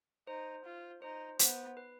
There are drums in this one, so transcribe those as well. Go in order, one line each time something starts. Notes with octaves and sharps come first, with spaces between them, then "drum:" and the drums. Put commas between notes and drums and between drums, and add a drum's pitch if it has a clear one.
D#4 C5
F4
D#4 C5
B3 C5, drum: hi-hat
B4